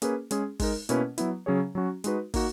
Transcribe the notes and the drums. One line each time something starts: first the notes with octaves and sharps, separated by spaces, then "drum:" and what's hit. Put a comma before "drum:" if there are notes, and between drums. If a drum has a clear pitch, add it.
A#3 C#4 G#4 B4, drum: hi-hat
G#3 C#4 G#4, drum: hi-hat
G#3 D#4 A#4, drum: kick, open hi-hat
B2 A#3 C#4 E4 B4, drum: hi-hat
F#3 B3 E4, drum: hi-hat
C#3 F#3 C#4 G#4 C#5
F#3 C#4 F#4
G#3 D#4 F#4 B4, drum: hi-hat
A#3 D#4 F#4, drum: kick, open hi-hat